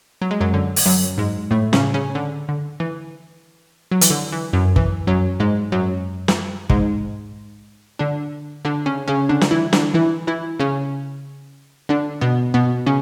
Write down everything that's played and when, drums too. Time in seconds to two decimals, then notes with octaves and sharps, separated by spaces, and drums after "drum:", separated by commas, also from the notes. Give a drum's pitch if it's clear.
0.22 F#3
0.31 G#3
0.40 F#2 F#3
0.54 D3
0.76 drum: open hi-hat
0.85 F#2 F#3
1.18 G#2 G#3
1.51 A2 A3
1.73 C#3 C#4, drum: snare
1.94 C#3 C#4
2.15 D3
2.49 D3
2.80 E3
3.92 F#3
4.01 E3, drum: hi-hat
4.10 D3
4.33 E3
4.53 F#2 F#3
4.76 E3, drum: kick
5.07 F#2 F#3
5.40 G#2 G#3
5.72 F#2 F#3
6.28 drum: snare
6.70 G#2 G#3, drum: kick
7.99 D3 D4
8.65 D3 D4
8.86 C#3 C#4
9.08 C#3 C#4
9.29 D3 D4
9.41 drum: snare
9.51 E3 E4
9.73 D3 D4, drum: snare
9.94 E3 E4
10.27 E3 E4
10.59 C#3 C#4
11.89 D3 D4
12.21 B2 B3
12.54 B2 B3
12.86 C#3 C#4